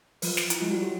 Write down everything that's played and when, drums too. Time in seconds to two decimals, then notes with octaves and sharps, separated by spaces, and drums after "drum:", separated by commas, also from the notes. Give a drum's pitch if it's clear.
0.22 F3 B4, drum: open hi-hat
0.37 drum: snare
0.50 E4, drum: hi-hat
0.60 G#3 F4
0.71 G3 F#4
0.82 F#3 G4